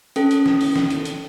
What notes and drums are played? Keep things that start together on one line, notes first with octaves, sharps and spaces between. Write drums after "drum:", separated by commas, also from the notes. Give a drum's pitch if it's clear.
C#4 A4, drum: hi-hat
drum: hi-hat
drum: snare
drum: open hi-hat
drum: snare
drum: hi-hat
drum: hi-hat